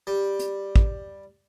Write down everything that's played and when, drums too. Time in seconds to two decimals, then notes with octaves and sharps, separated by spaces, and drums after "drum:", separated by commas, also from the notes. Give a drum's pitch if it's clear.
0.07 G3
0.39 drum: hi-hat
0.76 drum: kick